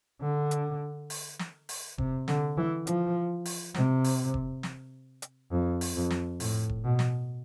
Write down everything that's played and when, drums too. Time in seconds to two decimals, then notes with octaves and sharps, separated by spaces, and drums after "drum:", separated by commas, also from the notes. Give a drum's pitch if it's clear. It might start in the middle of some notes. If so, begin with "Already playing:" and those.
0.21 D3
0.51 drum: hi-hat
1.10 drum: open hi-hat
1.39 drum: snare
1.69 drum: open hi-hat
1.98 C3, drum: kick E1
2.28 D3, drum: snare
2.57 E3
2.87 F3, drum: hi-hat
3.45 drum: open hi-hat
3.74 C3, drum: snare
4.04 drum: open hi-hat
4.34 drum: kick E1
4.63 drum: snare
5.22 drum: hi-hat
5.52 F2
5.81 drum: open hi-hat
5.96 F2
6.10 drum: snare
6.40 A2, drum: open hi-hat
6.69 drum: kick E1
6.84 B2
6.99 drum: snare